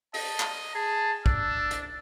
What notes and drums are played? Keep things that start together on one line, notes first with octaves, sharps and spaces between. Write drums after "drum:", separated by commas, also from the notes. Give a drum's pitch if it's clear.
D#5 A5, drum: open hi-hat
drum: clap
G#4 A5
D4 E6, drum: kick
drum: hi-hat